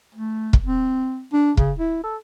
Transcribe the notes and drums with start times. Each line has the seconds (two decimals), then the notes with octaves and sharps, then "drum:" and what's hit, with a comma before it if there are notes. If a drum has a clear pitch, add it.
0.15 A3
0.53 drum: kick
0.66 C4
1.33 D4
1.57 C#3, drum: kick
1.79 E4
2.04 A4